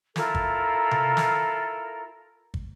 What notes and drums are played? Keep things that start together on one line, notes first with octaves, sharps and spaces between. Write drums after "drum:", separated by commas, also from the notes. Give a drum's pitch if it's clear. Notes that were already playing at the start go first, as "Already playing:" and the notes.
E4 F4 A4 A#4, drum: snare
drum: kick
drum: tom C3
drum: snare
drum: kick